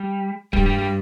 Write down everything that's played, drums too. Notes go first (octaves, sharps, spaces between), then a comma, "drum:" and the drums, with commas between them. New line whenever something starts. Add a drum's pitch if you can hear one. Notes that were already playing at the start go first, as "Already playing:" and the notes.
Already playing: G3
G2 G3, drum: kick
G3
G3